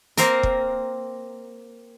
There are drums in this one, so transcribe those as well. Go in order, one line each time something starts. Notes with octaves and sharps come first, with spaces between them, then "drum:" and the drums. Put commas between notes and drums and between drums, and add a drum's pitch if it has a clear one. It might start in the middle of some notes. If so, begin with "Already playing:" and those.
A#3 C4 A#4, drum: hi-hat
drum: kick